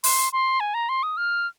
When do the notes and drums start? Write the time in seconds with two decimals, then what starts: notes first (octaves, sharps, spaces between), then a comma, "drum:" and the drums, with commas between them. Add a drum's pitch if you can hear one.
0.04 C6, drum: open hi-hat
0.33 C6
0.60 G#5
0.74 A#5
0.89 C6
1.03 D#6
1.17 F6